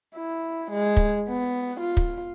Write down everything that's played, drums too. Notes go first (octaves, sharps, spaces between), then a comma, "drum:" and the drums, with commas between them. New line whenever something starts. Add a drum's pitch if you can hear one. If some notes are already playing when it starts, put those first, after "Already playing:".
E4
G#3
drum: kick
B3
F4
drum: kick